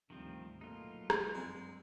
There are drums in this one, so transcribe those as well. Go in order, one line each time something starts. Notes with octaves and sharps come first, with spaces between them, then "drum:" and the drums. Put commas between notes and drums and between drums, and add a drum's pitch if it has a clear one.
D2 G#2 C3 D#3 F3 G3 C4
A#1 B2 F#3 A3 A#3 D#4 F4
drum: rim click
G1 F#2 G#3 C4